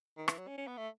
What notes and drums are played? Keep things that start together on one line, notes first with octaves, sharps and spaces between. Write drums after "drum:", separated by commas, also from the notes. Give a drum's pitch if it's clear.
D#3
E3, drum: rim click
F#3
C#4
C#4
B3
A3